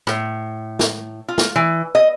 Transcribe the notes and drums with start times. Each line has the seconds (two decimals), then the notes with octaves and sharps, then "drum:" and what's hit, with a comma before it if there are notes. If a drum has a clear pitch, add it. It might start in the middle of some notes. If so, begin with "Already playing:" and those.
0.07 A2, drum: rim click
0.79 drum: snare
1.28 F4
1.38 drum: snare
1.56 E3
1.95 D#5